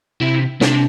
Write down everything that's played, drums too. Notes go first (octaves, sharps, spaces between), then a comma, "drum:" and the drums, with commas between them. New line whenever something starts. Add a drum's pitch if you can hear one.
C3 E4
C3 D4, drum: snare